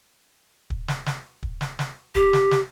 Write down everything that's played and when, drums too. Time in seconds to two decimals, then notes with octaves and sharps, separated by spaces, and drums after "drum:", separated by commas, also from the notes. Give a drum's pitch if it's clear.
0.70 drum: kick
0.88 drum: snare
1.06 drum: snare
1.43 drum: kick
1.61 drum: snare
1.79 drum: snare
2.15 G4, drum: kick
2.33 drum: snare
2.51 drum: snare